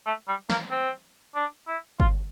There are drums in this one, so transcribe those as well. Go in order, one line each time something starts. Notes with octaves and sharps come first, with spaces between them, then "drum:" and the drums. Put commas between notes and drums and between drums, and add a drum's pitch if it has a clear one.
A3
G3
A#3, drum: snare
C4
D4
E4
F4, drum: kick G1